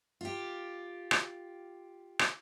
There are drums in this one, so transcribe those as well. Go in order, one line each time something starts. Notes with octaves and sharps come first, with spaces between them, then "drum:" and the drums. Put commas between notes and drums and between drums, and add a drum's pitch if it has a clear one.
F4 G4
drum: rim click
drum: rim click